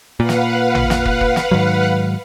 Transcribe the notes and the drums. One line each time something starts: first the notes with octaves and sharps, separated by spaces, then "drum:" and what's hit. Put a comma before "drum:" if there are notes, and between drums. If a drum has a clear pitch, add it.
A#2 B4 F5 F#5
drum: snare
drum: tom A1
drum: snare
drum: kick
drum: kick
drum: snare
G#2 D#3 F#3